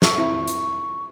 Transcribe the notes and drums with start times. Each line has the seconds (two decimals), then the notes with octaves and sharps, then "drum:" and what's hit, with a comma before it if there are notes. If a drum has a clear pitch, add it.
0.02 A4 E5 C#6, drum: snare
0.18 C4 E4
0.47 drum: hi-hat